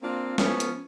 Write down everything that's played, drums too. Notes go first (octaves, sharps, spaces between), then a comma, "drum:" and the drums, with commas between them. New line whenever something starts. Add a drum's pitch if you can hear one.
A#3 C4 D4 F4
F3 B3 C#4, drum: snare
drum: hi-hat